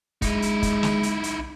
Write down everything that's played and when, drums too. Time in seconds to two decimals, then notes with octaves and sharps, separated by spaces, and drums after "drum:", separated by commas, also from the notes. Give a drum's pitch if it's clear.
0.22 B1 G#3 D#4 E4, drum: kick, hi-hat
0.42 drum: hi-hat
0.63 drum: kick, hi-hat
0.83 drum: snare
1.03 drum: hi-hat
1.24 drum: hi-hat